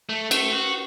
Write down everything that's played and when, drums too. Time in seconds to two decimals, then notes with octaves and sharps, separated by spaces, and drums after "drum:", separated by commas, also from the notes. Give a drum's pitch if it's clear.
0.09 A3
0.31 A3, drum: cymbal
0.52 F#4